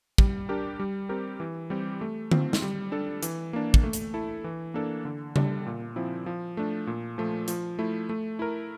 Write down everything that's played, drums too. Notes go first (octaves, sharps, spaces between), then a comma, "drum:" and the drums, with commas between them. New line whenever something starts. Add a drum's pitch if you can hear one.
G3, drum: kick
D4 G4 A#4
G3
C4 G4 A#4
E3
G3 C4 G4
A3
C4 F4, drum: tom D3
drum: snare
G3
D4 A4
E3, drum: hi-hat
A#3 D4
drum: kick
A3
drum: hi-hat
E4 A4
E3
A#3 D4 A4
D3
G3 D4, drum: tom C#3
A#2
F3 C4 E4
F3
A3 D4
A#2
F3 A3
F3, drum: hi-hat
A3 E4
A3
E4 A#4